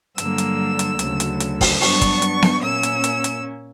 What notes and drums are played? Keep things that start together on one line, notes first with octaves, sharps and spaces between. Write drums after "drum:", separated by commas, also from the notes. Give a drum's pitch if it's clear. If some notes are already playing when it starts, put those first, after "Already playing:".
G2 D3 F#3 A#3 E6, drum: hi-hat
drum: hi-hat
drum: hi-hat
D2 C#3 F#3, drum: hi-hat
drum: hi-hat
drum: hi-hat
drum: kick, open hi-hat
G2 F#3 B3 D4 C#6, drum: open hi-hat
drum: kick, hi-hat
drum: hi-hat
drum: snare B3
A#2 A#3 C#4 E6
drum: hi-hat
drum: hi-hat
drum: hi-hat